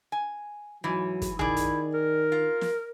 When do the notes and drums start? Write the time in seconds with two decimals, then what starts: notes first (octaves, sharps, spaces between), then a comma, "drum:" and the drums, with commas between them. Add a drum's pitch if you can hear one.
0.12 G#5
0.84 G#2 E3 F#3
1.22 drum: kick, hi-hat
1.39 D#3 E4 G#4 D5, drum: tom B1
1.57 drum: hi-hat
1.94 A#4
2.32 F4
2.61 drum: snare